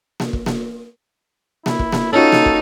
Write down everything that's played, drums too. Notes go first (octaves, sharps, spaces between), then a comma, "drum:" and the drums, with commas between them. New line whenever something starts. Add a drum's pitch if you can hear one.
drum: snare A#3
drum: kick
drum: snare A#3
E4, drum: snare A#3
drum: kick
drum: snare A#3
C#4 D#4 F4 F#4 A4
drum: snare A#3
drum: kick